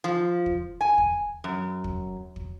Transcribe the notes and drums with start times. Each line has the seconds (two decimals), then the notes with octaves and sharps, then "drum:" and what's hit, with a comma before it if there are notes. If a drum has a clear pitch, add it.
0.04 F3
0.46 drum: kick
0.81 G#5
0.98 drum: kick
1.44 F#2
1.84 drum: kick
2.36 drum: kick